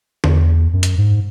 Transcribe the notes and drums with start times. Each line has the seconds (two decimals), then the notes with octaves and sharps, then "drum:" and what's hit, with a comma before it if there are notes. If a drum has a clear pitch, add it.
0.24 E2, drum: tom D3
0.73 F#2
0.83 drum: hi-hat
0.98 G#2